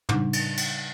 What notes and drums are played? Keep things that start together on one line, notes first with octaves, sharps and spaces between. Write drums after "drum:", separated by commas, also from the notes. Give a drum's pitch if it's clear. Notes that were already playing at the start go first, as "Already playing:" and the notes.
C#3 G3 D4 D#4 D6, drum: tom
drum: cymbal
drum: cymbal